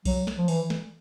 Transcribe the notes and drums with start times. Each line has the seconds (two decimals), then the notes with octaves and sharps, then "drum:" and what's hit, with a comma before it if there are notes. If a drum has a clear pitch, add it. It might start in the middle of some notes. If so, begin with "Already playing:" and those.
0.05 F#3, drum: kick B1, open hi-hat
0.27 drum: snare
0.37 F3
0.48 E3, drum: open hi-hat
0.70 drum: snare